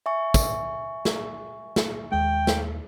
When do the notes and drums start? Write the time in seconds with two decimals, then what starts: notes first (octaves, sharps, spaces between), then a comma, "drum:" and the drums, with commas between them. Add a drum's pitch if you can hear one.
0.06 E5 G#5 C#6
0.34 drum: kick, tambourine
1.05 drum: snare
1.76 drum: snare
2.12 D#2 G#3 G5
2.47 drum: snare